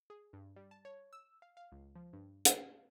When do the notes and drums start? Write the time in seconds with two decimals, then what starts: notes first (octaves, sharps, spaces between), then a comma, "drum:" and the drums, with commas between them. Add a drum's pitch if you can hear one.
0.10 G#4
0.33 G2
0.56 G3
0.71 A5
0.85 C#5
1.13 E6
1.42 F5
1.57 F5
1.72 C#2
1.96 F3
2.13 G2
2.45 drum: hi-hat
2.56 F5